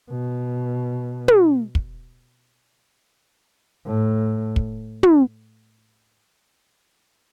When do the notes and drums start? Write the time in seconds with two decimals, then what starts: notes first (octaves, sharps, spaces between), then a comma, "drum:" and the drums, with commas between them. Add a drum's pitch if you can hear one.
0.11 B2
1.28 drum: tom
1.75 drum: kick
3.86 A2
4.56 drum: kick
5.03 drum: tom